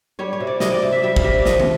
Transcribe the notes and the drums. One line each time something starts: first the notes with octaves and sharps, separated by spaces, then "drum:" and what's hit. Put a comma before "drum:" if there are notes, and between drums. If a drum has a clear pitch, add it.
G3 C#5
C#5
C3
D5
C3 D#5, drum: snare
D5
C3
E5
G3 E5
F5, drum: kick
C3 E5
D5
F3 D#5, drum: snare
drum: tom